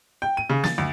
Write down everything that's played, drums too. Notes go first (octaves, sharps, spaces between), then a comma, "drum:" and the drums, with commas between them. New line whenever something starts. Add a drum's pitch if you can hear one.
G5
D#7
C#3
A6, drum: snare
D2